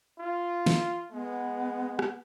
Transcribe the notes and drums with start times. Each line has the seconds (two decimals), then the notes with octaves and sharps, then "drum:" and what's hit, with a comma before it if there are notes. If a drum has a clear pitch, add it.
0.19 F4
0.66 drum: snare
1.12 G#3 B3
1.99 drum: rim click